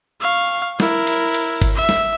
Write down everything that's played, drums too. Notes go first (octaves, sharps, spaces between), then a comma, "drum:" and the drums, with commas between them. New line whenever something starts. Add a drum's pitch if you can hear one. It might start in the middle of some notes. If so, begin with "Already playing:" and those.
F5 C#6
E4 A#4, drum: snare
drum: cymbal
drum: cymbal
drum: kick G1, cymbal
E5
drum: snare